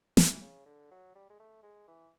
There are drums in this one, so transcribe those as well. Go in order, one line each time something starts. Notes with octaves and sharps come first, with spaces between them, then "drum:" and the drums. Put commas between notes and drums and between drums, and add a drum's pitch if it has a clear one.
E3, drum: snare
C#3
D3
F#3
G3
G#3
A3
G#3
E3